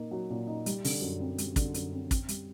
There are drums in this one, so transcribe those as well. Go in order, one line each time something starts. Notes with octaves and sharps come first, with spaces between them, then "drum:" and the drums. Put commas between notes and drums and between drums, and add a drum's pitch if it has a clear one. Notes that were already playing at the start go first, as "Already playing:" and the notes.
Already playing: A#2 A#3 D#4
F#3
A#2
D#4
G3, drum: hi-hat
D3, drum: open hi-hat
F#2
C4
G3, drum: hi-hat
D3, drum: kick, hi-hat
F#2, drum: hi-hat
C4
C4, drum: kick, hi-hat
G3, drum: hi-hat